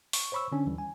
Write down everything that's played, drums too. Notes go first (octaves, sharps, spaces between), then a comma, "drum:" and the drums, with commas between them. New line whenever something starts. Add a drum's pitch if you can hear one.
C#6, drum: open hi-hat
C5 C#5 B5 C#6 E6
D3 C#4 D4
D#2 E3 G3
G#5